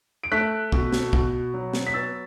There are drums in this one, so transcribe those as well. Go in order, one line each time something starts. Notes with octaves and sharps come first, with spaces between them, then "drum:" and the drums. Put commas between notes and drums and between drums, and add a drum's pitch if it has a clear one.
D7
A3 F#6 B6
B2, drum: kick
drum: snare
B2, drum: kick
F#3
drum: snare
B6
B3 E6 A6